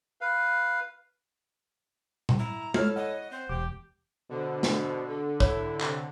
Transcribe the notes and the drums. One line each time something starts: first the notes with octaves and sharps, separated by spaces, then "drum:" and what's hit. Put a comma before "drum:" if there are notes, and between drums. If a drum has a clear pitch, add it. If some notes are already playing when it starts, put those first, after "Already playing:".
B4 F5
drum: tom A#2
E4 A#5
E4 A4 C#5 F6, drum: tom G#3
D#5 F#5
C4 C5
E1 G4 D6 G6
B2 D3 C5
drum: snare
A4
E4 A4 C#5, drum: kick
C3, drum: clap